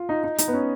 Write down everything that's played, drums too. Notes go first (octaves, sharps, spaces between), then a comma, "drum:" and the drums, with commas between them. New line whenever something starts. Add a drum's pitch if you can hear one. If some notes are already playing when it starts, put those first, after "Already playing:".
Already playing: F4
D#4
D#4
D#4, drum: hi-hat
B3
C#4